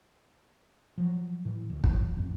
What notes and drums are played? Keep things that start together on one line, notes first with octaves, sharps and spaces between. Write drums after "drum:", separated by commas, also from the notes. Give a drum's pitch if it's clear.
F3 F#3
A2 E3
D2
D#2 G#2 E3 F#3, drum: kick
A1 F2